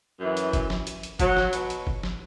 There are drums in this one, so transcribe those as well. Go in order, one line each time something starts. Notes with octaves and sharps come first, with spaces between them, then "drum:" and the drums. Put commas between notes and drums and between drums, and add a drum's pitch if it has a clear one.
F#2 E3
drum: hi-hat
drum: kick, hi-hat
drum: snare
drum: hi-hat
drum: hi-hat
F#3, drum: kick, hi-hat
drum: snare
B2, drum: hi-hat
drum: hi-hat
drum: kick
drum: snare